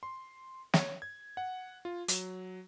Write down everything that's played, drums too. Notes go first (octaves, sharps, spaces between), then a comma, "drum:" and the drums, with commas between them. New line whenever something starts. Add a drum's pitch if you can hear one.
C6
C#5, drum: snare
G#6
F#5
F4
F#3, drum: hi-hat